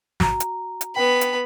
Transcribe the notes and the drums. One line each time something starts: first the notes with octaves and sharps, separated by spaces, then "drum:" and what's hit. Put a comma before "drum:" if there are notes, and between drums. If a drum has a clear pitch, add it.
F#4 A#5, drum: snare
drum: hi-hat
drum: hi-hat
B3 G5 B5
drum: hi-hat